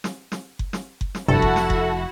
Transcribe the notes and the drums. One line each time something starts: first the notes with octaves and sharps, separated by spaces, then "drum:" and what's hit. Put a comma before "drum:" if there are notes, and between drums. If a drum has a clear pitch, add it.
drum: snare
drum: snare
drum: kick F#1
drum: snare
drum: kick F#1
drum: snare
F1 G2 C3 F3 E4 F#4 A4 F#5
drum: kick F#1
drum: snare
drum: kick F#1